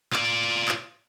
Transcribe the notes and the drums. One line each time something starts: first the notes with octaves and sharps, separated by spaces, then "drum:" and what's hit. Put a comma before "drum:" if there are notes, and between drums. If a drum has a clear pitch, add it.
F4 D5, drum: clap
drum: clap